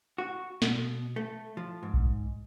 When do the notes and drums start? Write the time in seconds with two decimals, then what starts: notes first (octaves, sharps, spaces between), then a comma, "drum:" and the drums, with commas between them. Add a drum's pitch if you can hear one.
0.18 F#4
0.62 B2, drum: snare
1.16 A3
1.57 F3
1.83 G#2
1.94 drum: kick B1